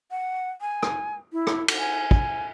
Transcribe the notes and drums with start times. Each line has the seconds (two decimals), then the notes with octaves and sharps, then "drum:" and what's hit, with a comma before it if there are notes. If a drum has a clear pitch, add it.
0.11 F#5
0.61 G#5
0.83 drum: rim click
1.33 E4
1.47 drum: rim click
1.68 drum: cymbal
1.78 G#5
2.11 drum: kick